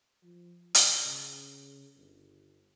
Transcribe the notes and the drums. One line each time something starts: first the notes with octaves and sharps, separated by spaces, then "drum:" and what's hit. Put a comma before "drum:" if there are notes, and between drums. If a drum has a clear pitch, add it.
F3
G#1, drum: hi-hat
C#3
G1